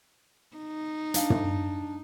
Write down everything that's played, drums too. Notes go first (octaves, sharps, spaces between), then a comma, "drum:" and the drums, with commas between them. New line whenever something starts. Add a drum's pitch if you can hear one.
D#4
D4 F5, drum: hi-hat
drum: tom